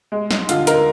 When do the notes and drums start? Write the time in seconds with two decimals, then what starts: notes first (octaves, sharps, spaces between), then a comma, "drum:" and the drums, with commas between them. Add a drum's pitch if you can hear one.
0.12 G#3
0.31 D#4, drum: snare
0.49 D3 F4, drum: hi-hat
0.67 D#4 A#4, drum: hi-hat